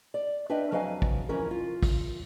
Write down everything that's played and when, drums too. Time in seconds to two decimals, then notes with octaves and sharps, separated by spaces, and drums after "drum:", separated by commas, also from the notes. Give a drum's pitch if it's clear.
0.14 D5
0.50 D4 B4 D#5 E5 G5
0.71 F2 F#3 B4 D#5 F5 G#5
1.02 drum: kick
1.29 F2 E3 C#4 A#4 A#5
1.51 F4
1.83 drum: kick, open hi-hat